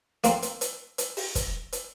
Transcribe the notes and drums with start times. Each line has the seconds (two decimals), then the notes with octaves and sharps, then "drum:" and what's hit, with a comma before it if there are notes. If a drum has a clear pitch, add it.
0.24 A#3 C4, drum: hi-hat
0.42 drum: hi-hat
0.61 drum: hi-hat
0.98 drum: hi-hat
1.17 drum: open hi-hat
1.35 drum: kick, hi-hat
1.72 drum: hi-hat